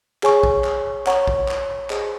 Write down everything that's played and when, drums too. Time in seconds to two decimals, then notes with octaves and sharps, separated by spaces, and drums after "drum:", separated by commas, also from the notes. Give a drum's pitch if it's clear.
0.23 G#4 C#5 G#5 C#6, drum: clap
0.43 drum: kick A1
0.64 drum: clap
1.06 C#5 F#5 A#5 C#6, drum: clap
1.27 drum: kick A1
1.48 drum: clap
1.90 G#4 C5 D#5, drum: clap